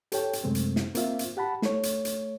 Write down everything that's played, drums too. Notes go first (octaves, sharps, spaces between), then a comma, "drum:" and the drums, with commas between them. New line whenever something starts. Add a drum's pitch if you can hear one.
G4 A4 C#5 G5, drum: hi-hat
drum: hi-hat
F#2 C3 G#3 A3 C4
drum: hi-hat
drum: snare
A#3 C4 F4 E5 F5, drum: hi-hat
drum: hi-hat
G4 F#5 A5 B5
A3 C#5, drum: snare
drum: hi-hat
drum: hi-hat